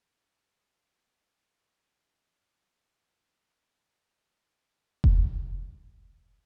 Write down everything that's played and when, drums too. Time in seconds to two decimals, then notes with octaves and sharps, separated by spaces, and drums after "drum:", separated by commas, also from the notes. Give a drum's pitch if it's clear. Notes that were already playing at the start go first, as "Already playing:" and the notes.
0.19 C#6
0.93 C#3
2.40 G#3 A#3 B3 F4 G4 G#4
4.61 E3 D#4 A4 B4 D#5
5.04 drum: kick F1